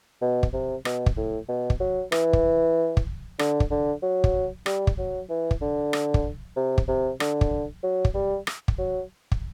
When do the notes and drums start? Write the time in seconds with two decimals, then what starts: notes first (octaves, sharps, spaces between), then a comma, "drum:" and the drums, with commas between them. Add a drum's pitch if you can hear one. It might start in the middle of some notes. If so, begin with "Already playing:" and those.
0.22 B2
0.43 drum: kick
0.53 C3
0.85 B2, drum: rim click
1.06 drum: kick
1.17 A2
1.49 B2
1.70 drum: kick
1.80 F#3
2.12 E3, drum: rim click
2.33 drum: kick
2.97 drum: kick
3.39 D3, drum: rim click
3.60 drum: kick
3.71 D3
4.03 F#3
4.24 drum: kick
4.66 G3, drum: rim click
4.87 drum: kick
4.98 F#3
5.30 E3
5.51 drum: kick
5.61 D3
5.93 drum: rim click
6.14 drum: kick
6.56 C3
6.78 drum: kick
6.88 C3
7.20 D3, drum: rim click
7.41 drum: kick
7.83 F#3
8.05 drum: kick
8.15 G3
8.47 drum: rim click
8.68 drum: kick
8.79 F#3
9.32 drum: kick